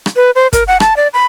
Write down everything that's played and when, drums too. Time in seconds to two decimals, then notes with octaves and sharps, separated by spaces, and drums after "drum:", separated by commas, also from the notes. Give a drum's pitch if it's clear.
0.06 drum: rim click
0.16 B4
0.35 C5
0.53 A#4, drum: kick, hi-hat
0.67 F#5
0.80 A5, drum: rim click
0.97 D5
1.13 B5